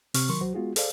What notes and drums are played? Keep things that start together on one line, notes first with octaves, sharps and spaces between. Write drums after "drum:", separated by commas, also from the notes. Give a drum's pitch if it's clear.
C3 C4 G4 C#6 F6, drum: open hi-hat
D#3 F#3 A#4 C6 C#6
C2 F#3 F#4 C5
G#3 B3 F4 F#4 G#4
G#4 A4 C5 D5 F5, drum: open hi-hat